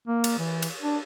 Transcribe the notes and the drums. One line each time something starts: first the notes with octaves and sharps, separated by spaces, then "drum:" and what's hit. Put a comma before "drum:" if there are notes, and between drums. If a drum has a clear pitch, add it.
A#3
drum: cymbal
E3
drum: cymbal
D4